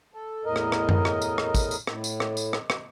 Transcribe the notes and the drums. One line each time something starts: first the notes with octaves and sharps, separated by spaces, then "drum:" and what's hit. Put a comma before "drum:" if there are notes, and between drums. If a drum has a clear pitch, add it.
A4
E2 A2 A#4 D#5
drum: rim click
drum: rim click
drum: tom F#2
drum: rim click
drum: tambourine
drum: rim click
drum: kick, tambourine
drum: tambourine
A2, drum: rim click
drum: tambourine
drum: rim click
drum: tambourine
drum: rim click
drum: rim click